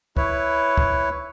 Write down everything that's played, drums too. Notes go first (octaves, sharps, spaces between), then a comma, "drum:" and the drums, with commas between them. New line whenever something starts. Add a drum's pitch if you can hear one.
E4 B4 C#5, drum: kick
drum: kick